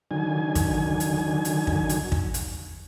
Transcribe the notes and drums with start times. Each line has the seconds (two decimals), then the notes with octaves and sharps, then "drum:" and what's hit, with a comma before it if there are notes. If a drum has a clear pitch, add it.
0.11 D3 D#3 F#3 G#5
0.55 drum: kick, hi-hat
1.00 drum: hi-hat
1.45 drum: hi-hat
1.67 drum: kick
1.89 drum: hi-hat
2.12 drum: kick
2.34 drum: hi-hat